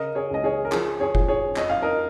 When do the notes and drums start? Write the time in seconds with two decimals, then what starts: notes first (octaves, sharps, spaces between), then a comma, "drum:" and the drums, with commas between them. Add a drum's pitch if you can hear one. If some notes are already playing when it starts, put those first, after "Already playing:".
Already playing: C#3 A#4 D#5
0.15 G#4 C#5
0.30 C#2 D#5
0.44 G#4 C#5
0.65 A#4
0.72 F3 G#4, drum: clap
1.00 G#4 C#5
1.15 F3, drum: kick F1
1.28 G#4 C#5
1.56 F2 D#5, drum: clap
1.69 F5
1.82 A#4 D#5